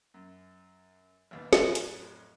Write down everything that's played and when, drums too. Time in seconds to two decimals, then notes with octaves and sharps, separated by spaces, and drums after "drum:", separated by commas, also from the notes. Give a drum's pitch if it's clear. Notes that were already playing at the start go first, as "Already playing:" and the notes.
0.14 F#2
1.31 A1 D#2 B3
1.53 F2 A2 F#3 C6, drum: snare
1.75 drum: hi-hat